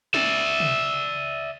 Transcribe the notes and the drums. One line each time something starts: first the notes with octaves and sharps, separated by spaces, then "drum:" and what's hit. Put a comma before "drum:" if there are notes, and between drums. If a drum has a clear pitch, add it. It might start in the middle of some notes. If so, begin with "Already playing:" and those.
D5 E5, drum: snare
drum: tom